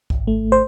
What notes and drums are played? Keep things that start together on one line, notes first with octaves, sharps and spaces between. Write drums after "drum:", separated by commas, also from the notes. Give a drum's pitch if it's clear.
G#1, drum: kick C2
A3
C5